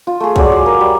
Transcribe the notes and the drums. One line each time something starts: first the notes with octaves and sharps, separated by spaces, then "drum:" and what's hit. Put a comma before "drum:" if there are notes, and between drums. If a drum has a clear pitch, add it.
F4
A3 G#4
F#3 G#3 D5, drum: kick
C6
A#4
G3